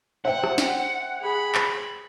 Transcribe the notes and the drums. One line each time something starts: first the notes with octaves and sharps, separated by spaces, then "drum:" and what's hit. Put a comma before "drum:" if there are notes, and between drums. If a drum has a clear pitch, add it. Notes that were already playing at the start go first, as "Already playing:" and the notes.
C5 E5 F#5 G5
drum: rim click
drum: snare
G#4 B5
drum: clap